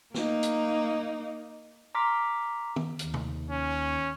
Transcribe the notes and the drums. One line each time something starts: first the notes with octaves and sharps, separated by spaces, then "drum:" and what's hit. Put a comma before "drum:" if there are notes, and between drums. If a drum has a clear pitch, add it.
A#3 D#4, drum: snare
drum: hi-hat
A#5 C6 D6 F6 B6
drum: tom D#3
D#2, drum: hi-hat
drum: tom C3
C#4